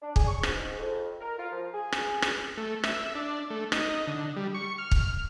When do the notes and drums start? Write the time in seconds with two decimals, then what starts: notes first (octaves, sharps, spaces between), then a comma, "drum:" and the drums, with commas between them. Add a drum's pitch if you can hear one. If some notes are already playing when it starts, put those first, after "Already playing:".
0.02 D4
0.16 G#4, drum: kick
0.27 C#6
0.43 G#2, drum: rim click
0.79 F2
1.21 A#4
1.38 F4
1.52 F3
1.74 G#4
1.92 drum: rim click
2.22 drum: rim click
2.57 A3
2.84 E5, drum: rim click
3.15 D4
3.50 A3
3.72 D#4, drum: rim click
4.07 D3
4.36 G3
4.54 C#6
4.78 F6
4.91 drum: kick